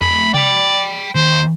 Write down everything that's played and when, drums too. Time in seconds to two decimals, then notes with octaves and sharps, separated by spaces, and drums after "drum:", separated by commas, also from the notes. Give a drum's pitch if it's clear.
0.01 A3 D#5 B5, drum: tom E2
0.34 D5 G5 B5, drum: tom C3
1.15 D#2 C5